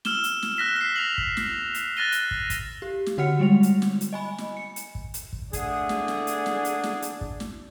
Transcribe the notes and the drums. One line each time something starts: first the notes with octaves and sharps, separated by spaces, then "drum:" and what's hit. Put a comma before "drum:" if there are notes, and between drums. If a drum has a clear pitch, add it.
E6 F6 E7 G7, drum: snare
drum: hi-hat
drum: snare
F6 F#6 A#6 B6 E7
B6 C7
A#6 F7 F#7
drum: kick
drum: snare
drum: hi-hat
F#6 A6 A#6 D#7 G7
drum: hi-hat
drum: kick
drum: kick, hi-hat
G4
drum: snare
D3 F#4 F#5 F6 C#7
G3 G#3 F7
drum: hi-hat
drum: snare
drum: hi-hat
D#5 G#5 B5
drum: snare
C#7
drum: hi-hat
drum: kick
drum: hi-hat
drum: kick
D3 A3 D4 G#4, drum: kick, hi-hat
drum: snare
drum: snare
drum: hi-hat
drum: snare
drum: hi-hat
drum: snare
drum: hi-hat
drum: kick
drum: snare